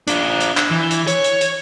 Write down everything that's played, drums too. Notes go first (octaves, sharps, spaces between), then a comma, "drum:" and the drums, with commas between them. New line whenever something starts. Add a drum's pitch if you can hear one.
D4 F4, drum: hi-hat
drum: hi-hat
drum: clap
E3
drum: hi-hat
C#5, drum: hi-hat
drum: hi-hat
drum: hi-hat